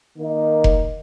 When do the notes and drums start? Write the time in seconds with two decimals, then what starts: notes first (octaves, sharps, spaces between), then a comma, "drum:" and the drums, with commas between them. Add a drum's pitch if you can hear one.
0.17 D#3 A#3 D#4
0.64 drum: kick F1